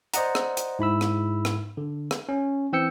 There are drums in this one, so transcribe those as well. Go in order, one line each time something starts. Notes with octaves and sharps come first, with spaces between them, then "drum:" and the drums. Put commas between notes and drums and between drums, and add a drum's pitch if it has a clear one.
C5 D5 D#5 F#5 A#5, drum: hi-hat
drum: rim click
drum: hi-hat
G#2 E4 B5 E6
drum: rim click
drum: rim click
D3
drum: rim click
C#4
E3 C4 G5 E6 G6 C#7